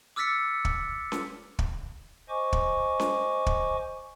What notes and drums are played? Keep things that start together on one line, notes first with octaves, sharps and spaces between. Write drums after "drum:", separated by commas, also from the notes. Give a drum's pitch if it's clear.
D6 E6 F6 A6 B6 C#7
drum: kick
drum: snare C#4
drum: kick
C5 D#5 G#5 C#6 D6
drum: kick
drum: snare C#4
drum: kick